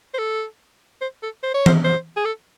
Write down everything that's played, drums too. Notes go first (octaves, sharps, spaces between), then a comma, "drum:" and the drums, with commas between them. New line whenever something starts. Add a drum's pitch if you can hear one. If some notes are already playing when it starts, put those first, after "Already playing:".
C5
A4
C5
A4
C5
C#5
C5, drum: tom E3
C5
G#4
A4